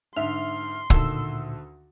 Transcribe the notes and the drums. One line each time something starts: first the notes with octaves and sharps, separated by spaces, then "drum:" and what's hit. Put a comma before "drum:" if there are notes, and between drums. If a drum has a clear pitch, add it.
G#2 D3 E5 C6 F6
D2 A#2 D#3 A4 E6, drum: kick